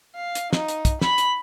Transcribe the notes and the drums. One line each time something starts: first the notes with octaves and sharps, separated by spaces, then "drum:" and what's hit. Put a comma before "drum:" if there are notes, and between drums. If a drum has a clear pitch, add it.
F5
drum: hi-hat
D#4, drum: snare
drum: hi-hat
drum: kick, hi-hat
B5, drum: snare
drum: hi-hat